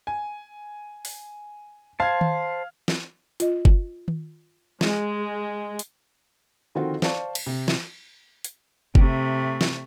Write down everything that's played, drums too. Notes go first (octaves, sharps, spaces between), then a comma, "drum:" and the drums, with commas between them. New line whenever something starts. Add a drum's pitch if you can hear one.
G#5
drum: open hi-hat
C5 F5 A5 G#6
drum: tom D#3
drum: snare
F4 D#5, drum: hi-hat
drum: kick F#1
drum: tom D#3
G#3, drum: snare
drum: hi-hat
D3 D#3 F3 C4 F4 F#4
C5 D5 F5 A5 C#6, drum: snare
drum: cymbal
C3
drum: snare
drum: hi-hat
C3 A3, drum: kick F#1
drum: snare